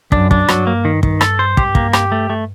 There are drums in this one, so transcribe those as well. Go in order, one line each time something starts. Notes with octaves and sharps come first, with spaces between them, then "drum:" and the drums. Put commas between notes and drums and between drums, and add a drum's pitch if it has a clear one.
F#2 D4, drum: kick
D4, drum: kick
G2 F#3, drum: rim click
A#3
D#3
D#3, drum: kick
A4, drum: rim click
C5
G2 G4, drum: kick
A#3, drum: kick
G4, drum: rim click
A3
A3